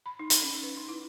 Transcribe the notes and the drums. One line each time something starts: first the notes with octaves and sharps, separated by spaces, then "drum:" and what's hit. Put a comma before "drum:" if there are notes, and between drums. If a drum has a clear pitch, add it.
B5
D#4
drum: hi-hat
C#4
B4
D#4
E4